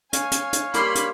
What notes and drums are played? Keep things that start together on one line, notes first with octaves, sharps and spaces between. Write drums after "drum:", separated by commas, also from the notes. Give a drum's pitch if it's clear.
C#5 F5 G#5, drum: hi-hat
drum: hi-hat
drum: hi-hat
G3 A#3 B5 C6 C7, drum: hi-hat
drum: hi-hat